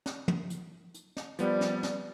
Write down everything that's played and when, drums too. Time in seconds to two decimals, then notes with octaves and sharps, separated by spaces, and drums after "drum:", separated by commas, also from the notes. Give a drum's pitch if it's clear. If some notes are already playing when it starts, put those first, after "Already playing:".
0.06 drum: snare
0.28 drum: tom
0.50 drum: hi-hat
0.94 drum: hi-hat
1.17 drum: snare
1.39 F3 G3 B3, drum: hi-hat
1.61 drum: snare
1.83 drum: snare